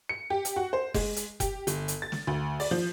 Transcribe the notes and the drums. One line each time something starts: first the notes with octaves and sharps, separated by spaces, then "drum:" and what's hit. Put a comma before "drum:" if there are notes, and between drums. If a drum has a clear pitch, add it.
C#7
G4
drum: hi-hat
F#4
C5
G#3, drum: kick F1, open hi-hat
drum: hi-hat
G4, drum: kick F1, hi-hat
G1, drum: hi-hat
drum: hi-hat
A6
drum: snare
D2
D5, drum: open hi-hat
F3